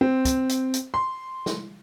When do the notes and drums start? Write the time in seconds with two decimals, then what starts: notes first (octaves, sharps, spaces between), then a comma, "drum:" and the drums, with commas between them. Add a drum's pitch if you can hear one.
0.01 C4
0.25 drum: kick, hi-hat
0.49 drum: hi-hat
0.74 drum: hi-hat
0.94 C6
1.46 drum: snare